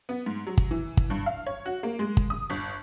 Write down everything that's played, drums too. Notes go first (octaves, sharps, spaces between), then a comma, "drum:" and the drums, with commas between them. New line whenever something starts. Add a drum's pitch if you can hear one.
B3
G#2
F#3
drum: kick
E3
drum: kick
G2
F5
C#5
F#4
A#3
G#3
drum: kick
D#6
G1